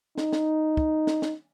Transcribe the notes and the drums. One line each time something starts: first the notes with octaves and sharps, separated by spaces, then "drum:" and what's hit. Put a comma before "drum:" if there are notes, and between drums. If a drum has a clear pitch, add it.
D#4, drum: snare
drum: snare
drum: kick
drum: snare
drum: snare